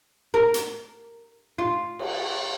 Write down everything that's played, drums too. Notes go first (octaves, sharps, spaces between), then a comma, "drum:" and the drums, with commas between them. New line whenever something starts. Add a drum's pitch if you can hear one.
A#4
drum: hi-hat
F4
drum: cymbal